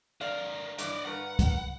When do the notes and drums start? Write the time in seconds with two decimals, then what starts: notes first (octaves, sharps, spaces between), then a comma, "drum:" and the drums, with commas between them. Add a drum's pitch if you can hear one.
0.21 D3 A#4 D5 F5
0.79 G2 E3 D5 D#5, drum: hi-hat
1.05 G2 A#4 B4 F#5
1.39 drum: kick, hi-hat